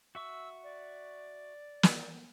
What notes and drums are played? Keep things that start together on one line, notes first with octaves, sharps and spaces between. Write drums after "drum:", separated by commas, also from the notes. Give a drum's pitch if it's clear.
F#4 E5 C#6 E6
D5
drum: snare